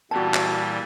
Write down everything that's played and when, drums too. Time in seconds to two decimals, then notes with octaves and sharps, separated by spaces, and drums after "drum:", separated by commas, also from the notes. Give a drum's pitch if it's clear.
0.11 A#2 E3 G3 F#4 A5
0.34 drum: clap